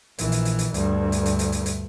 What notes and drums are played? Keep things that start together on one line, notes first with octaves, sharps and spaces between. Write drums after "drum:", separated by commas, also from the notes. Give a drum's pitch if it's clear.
A#1 E3, drum: hi-hat
drum: hi-hat
drum: hi-hat
drum: hi-hat
D2 G2, drum: hi-hat
drum: hi-hat
drum: hi-hat
drum: hi-hat
drum: hi-hat
drum: hi-hat